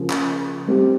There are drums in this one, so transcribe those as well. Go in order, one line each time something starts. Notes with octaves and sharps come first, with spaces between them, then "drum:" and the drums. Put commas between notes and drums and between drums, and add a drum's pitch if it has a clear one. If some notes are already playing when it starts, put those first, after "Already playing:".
Already playing: C#3 F3 A#3
drum: clap
G3 C4 D#4 G4